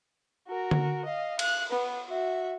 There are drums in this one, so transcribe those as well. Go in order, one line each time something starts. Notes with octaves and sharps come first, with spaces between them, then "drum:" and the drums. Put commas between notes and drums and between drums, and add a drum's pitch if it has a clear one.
F#4 A#4
drum: tom D3
D#5 F5
F5 F#6, drum: cymbal
B3 B4
F#4 E5